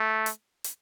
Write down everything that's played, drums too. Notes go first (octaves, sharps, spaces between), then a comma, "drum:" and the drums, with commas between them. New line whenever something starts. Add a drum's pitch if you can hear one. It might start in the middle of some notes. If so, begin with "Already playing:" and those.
Already playing: A3
drum: hi-hat
drum: hi-hat